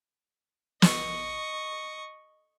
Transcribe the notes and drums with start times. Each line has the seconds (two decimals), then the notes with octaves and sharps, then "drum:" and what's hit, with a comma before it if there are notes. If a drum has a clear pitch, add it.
0.82 D#5 C#6, drum: snare